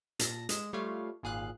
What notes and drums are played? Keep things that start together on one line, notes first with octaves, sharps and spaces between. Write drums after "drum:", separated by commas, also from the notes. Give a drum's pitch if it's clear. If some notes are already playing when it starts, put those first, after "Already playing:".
A#2 A5 A#6, drum: hi-hat
G#3 D#5 E7, drum: hi-hat
G3 A3 F4 C#5 F5
G#1 A#2 G#4 F5 F#6